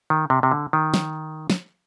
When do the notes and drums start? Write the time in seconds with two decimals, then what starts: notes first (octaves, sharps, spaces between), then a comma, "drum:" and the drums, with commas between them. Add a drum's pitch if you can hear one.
0.10 D#3
0.30 C3
0.43 C3
0.51 D3
0.73 D#3
0.94 drum: snare
1.50 drum: snare